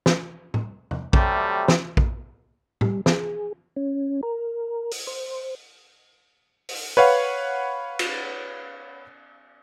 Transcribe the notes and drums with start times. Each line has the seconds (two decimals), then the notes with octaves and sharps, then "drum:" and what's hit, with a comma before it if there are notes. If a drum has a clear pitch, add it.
0.06 drum: snare
0.54 drum: tom A2
0.91 drum: tom
1.13 C3 F#3 G3 A3, drum: kick
1.68 drum: snare
1.97 drum: kick
2.81 G3, drum: tom A2
3.06 G#4, drum: snare
3.76 C#4
4.23 A#4
4.91 drum: open hi-hat
5.07 C5
6.69 drum: open hi-hat
6.97 B4 C#5 F5 F#5
7.99 drum: cymbal